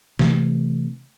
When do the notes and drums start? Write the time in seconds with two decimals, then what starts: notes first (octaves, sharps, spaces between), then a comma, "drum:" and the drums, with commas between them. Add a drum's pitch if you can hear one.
0.19 C3 E3 A3, drum: snare